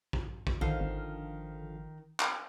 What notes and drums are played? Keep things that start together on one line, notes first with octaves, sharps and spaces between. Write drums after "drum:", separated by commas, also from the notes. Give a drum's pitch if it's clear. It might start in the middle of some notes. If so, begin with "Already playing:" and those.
drum: kick A#1
drum: kick A#1
A#1 D3 D#3 F3 F5
G#1
drum: clap